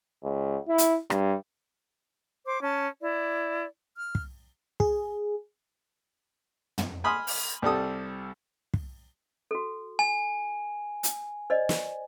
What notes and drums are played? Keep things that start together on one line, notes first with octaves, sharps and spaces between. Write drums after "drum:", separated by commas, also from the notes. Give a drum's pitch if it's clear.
C#2
E4
drum: hi-hat
G2, drum: rim click
C5 D6
C#4 A5
E4 D5
F6
drum: kick
G#4, drum: kick
drum: tom
G#5 B5 C6 D#6 F6
drum: open hi-hat
C2 G3 A4 D#6
drum: kick
F#4 A4
G#5
drum: hi-hat
C5 D5 D#5
drum: snare